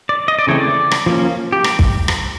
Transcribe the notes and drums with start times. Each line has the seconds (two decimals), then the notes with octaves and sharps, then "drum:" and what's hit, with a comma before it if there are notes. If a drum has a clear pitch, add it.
0.09 D5
0.28 D#5
0.39 D5
0.47 C#3 E3 A3 C4 C#5
0.59 D5
0.91 drum: rim click
1.06 F3 A#3 C#4
1.53 G4
1.64 drum: rim click
1.79 drum: kick
2.08 drum: rim click